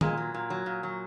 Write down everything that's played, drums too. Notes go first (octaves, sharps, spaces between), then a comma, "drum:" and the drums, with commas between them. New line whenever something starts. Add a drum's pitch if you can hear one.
A#2 G#3, drum: tom D#3
F#3
A#2
F#3
A#2
F#3